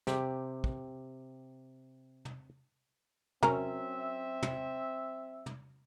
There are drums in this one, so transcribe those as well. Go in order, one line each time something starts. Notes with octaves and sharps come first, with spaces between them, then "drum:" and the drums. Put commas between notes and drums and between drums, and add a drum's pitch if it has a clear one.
C3 G4, drum: snare
drum: kick
drum: tom
F#3 C4 C#4 A#4 E5, drum: tom
drum: tom
drum: tom